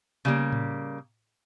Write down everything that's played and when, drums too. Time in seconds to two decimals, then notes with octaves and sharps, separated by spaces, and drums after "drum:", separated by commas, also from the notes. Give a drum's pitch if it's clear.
0.25 C#3 G3 A#3
0.52 drum: tom A2